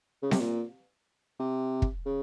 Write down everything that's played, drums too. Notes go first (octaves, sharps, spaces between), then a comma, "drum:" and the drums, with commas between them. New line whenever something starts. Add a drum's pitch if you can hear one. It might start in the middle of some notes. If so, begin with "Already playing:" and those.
C#3
C3, drum: snare C4
A#2
C3
drum: kick
C#3